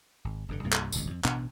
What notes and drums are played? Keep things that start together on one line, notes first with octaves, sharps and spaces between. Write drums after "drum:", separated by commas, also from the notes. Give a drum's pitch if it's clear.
G#1
F1 G2 D3
C2 G2 C3 A#3
drum: clap
D#1 G#1 C#2 B2, drum: tambourine
F2
A1 B2 B3 D4, drum: clap